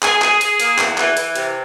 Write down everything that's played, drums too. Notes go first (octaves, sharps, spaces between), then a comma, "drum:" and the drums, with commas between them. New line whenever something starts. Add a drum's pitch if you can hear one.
G#4, drum: clap
G#4, drum: clap
G#4, drum: hi-hat
A#3, drum: hi-hat
E2, drum: clap
E3, drum: clap
E3, drum: hi-hat
C3, drum: hi-hat